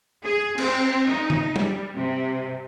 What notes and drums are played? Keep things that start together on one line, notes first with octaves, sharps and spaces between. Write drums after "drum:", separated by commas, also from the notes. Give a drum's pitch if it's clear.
G#4
C4, drum: cymbal
D#4
drum: tom
G3, drum: tom
C3